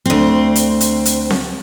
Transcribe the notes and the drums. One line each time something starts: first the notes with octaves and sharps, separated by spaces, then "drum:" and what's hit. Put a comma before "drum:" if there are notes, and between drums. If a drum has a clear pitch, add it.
D2 C4
drum: hi-hat
drum: hi-hat
drum: hi-hat
drum: snare C4